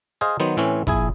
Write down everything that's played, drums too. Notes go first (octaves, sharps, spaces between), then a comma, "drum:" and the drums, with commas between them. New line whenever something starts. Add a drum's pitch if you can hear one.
G#4 C5 D#5 F5
D#3 F#3 B3 C5
A2 E3 C4 C#4
A#1 E4 G#4 G#5, drum: kick